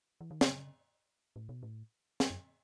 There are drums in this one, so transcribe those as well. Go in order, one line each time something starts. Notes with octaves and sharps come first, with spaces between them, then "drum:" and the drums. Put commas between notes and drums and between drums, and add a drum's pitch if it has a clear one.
E3
D#3
C#3, drum: snare
A2
B2
A2
drum: snare
F#2